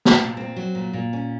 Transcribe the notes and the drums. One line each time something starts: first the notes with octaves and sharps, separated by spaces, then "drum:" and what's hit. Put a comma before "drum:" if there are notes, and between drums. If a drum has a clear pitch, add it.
drum: snare
A#2
C4
F#3
A#2
A#2
C#4